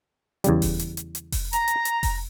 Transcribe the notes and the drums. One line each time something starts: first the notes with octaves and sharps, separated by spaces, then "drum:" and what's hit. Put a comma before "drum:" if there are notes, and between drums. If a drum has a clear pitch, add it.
E2 C#3 G3, drum: hi-hat
drum: kick F1, open hi-hat
drum: hi-hat
drum: hi-hat
drum: hi-hat
drum: kick F1, open hi-hat
A#5, drum: hi-hat
drum: hi-hat
drum: hi-hat
drum: kick F1, open hi-hat